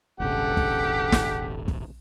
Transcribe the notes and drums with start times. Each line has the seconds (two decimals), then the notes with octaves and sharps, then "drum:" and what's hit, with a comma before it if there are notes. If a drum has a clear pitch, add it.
0.20 D#1 G#1 E2 C#3 D4 G4 A4 F#5
0.57 drum: kick
1.12 drum: snare
1.68 drum: kick